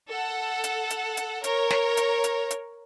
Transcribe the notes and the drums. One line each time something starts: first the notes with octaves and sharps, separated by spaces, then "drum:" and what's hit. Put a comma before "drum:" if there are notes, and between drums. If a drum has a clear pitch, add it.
A4 F#5
drum: hi-hat
drum: hi-hat
drum: hi-hat
A#4 C#5, drum: hi-hat
drum: snare
drum: hi-hat
drum: hi-hat
drum: hi-hat